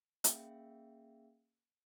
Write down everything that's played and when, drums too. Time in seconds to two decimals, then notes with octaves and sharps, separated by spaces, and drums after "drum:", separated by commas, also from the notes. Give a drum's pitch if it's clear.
0.24 A#3 C#4 G#4 E5 F5 G5, drum: hi-hat